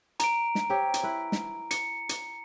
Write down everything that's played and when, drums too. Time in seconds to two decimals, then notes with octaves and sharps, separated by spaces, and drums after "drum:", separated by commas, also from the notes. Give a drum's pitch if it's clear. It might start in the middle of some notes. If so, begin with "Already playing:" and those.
0.20 A#5 D7, drum: hi-hat
0.55 drum: snare
0.70 C4 G4 C#5
0.94 drum: hi-hat
1.03 E4 B4
1.32 drum: snare
1.71 C#7, drum: hi-hat
2.09 drum: hi-hat